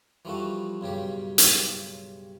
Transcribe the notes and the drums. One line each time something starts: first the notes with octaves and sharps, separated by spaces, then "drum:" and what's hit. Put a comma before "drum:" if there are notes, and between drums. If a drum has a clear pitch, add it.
E3 F3 G3 A3 F#4
B1 G2 C#3 G4
drum: hi-hat